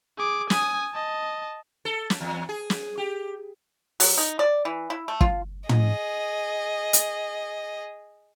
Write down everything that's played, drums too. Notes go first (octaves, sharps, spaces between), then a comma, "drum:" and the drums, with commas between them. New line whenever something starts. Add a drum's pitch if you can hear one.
G#4 D6
G#5 D#6, drum: snare
D#5 A5
A4
drum: snare
E2
G#4
drum: snare
G4
F#3, drum: open hi-hat
D#4
D5
E3
E4
A3
F4, drum: kick
G#4 D#5, drum: tom
drum: hi-hat